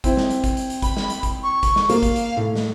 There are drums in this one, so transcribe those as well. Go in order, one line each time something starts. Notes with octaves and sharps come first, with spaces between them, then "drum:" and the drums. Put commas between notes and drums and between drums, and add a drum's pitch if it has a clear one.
C4 E4, drum: kick, hi-hat
drum: snare
drum: hi-hat
drum: kick, hi-hat
drum: hi-hat
drum: hi-hat
B5, drum: kick, hi-hat
drum: snare
drum: hi-hat
drum: kick, hi-hat
C#6
drum: kick, hi-hat
drum: snare
A#3 F5, drum: hi-hat
drum: kick, hi-hat
drum: hi-hat
A2
drum: snare